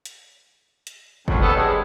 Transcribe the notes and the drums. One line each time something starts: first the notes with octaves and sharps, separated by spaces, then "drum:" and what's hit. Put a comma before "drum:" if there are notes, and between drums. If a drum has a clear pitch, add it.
drum: hi-hat
drum: hi-hat
F2 G#2 F3 F#3, drum: kick
G3 A3 B3 C#4 A4
G2 G#3